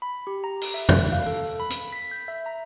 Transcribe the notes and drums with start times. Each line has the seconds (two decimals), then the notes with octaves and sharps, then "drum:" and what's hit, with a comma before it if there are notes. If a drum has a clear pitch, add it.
0.02 B5
0.27 G4
0.44 A#5
0.61 drum: open hi-hat
0.74 E5
0.89 F#6, drum: tom E2
1.12 F5
1.26 A4
1.60 B5
1.70 drum: hi-hat
1.93 B6
2.11 G6
2.28 E5
2.46 A#5